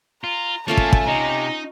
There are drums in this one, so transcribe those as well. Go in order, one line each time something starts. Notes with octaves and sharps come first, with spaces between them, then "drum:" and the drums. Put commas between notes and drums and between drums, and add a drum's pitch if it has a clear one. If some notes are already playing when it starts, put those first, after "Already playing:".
F4 A#5
A3 A#3 C#4 F4 C#5 A5
drum: kick
drum: kick
C3 D#4 A#5